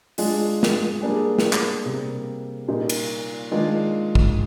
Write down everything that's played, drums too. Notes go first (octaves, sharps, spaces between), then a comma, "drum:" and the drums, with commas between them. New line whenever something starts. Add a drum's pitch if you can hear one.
G#3 D4 F4 G#4, drum: open hi-hat
drum: snare
G3 A#3 D4 G#4
drum: snare
drum: clap
C3 G3 A#3
A#2 G3 A#3 D#4
drum: cymbal
D#3 G#3 D4 F4
drum: kick